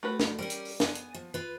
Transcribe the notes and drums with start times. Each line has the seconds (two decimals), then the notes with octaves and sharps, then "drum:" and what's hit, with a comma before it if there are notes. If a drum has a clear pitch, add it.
0.03 A3 F#4 B4
0.20 drum: snare
0.39 G3 C#4 A#4
0.50 drum: hi-hat
0.65 drum: open hi-hat
0.80 B3 G#5, drum: snare
0.95 drum: hi-hat
1.15 F3
1.34 F4 B4